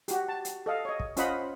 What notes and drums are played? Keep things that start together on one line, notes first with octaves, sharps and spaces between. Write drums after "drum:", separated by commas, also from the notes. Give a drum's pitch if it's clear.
F#4 G4, drum: hi-hat
A5
drum: hi-hat
A4 D#5 F5
C#5 D#5
drum: kick
C#4 F4 C5 D#5 F#5 B5, drum: hi-hat